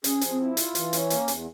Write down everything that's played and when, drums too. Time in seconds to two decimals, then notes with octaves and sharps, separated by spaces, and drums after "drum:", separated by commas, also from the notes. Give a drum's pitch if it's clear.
0.04 C#4 G#4, drum: hi-hat
0.21 F3, drum: hi-hat
0.31 C4
0.40 E4
0.57 F4, drum: hi-hat
0.75 E3, drum: hi-hat
0.93 C#4, drum: hi-hat
1.10 A#3, drum: hi-hat
1.28 E2, drum: hi-hat